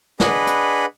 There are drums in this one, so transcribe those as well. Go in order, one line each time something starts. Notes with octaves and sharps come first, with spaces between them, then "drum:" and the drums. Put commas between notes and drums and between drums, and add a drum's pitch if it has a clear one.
D4 G#4 B4 D#5 F#5 B5, drum: snare
drum: hi-hat